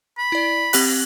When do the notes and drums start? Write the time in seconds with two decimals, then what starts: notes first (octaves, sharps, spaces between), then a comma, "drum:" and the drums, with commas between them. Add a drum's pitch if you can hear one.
0.18 B5
0.32 E4 D5
0.73 C4 G4 F#6, drum: open hi-hat